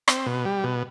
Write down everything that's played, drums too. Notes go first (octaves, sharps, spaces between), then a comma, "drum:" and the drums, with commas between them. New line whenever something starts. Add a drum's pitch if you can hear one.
C4, drum: rim click
B2
G3
B2